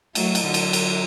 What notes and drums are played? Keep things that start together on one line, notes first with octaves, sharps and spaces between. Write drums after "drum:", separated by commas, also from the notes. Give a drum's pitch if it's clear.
F#3 A3, drum: cymbal
drum: cymbal
D3 F#3
drum: cymbal
drum: cymbal